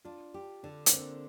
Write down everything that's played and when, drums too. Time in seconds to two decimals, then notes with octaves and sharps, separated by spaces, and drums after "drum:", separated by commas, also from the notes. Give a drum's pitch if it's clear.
0.05 D4 F4
0.34 G4
0.63 D3 D4
0.86 A#3, drum: hi-hat
0.92 D3 C4